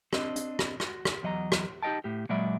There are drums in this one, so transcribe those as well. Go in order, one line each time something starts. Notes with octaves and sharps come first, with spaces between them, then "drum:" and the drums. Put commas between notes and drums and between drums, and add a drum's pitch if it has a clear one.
C4 D4 D#5, drum: rim click
drum: hi-hat
drum: rim click
F#4, drum: rim click
drum: rim click
E2 F#3 D#5 F#5 A#5
drum: rim click
D#4 G4 A4 D#5 G5 A5
A2 G4
A#2 F#3 G#3 D5 E5 B5